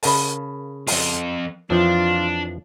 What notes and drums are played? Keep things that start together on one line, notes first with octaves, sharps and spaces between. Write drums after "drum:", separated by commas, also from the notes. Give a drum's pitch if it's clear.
C#3 A#4 F5 A5 B5, drum: open hi-hat
F2 F4, drum: open hi-hat
F2 E3 F3 D4 F4 C#5 A5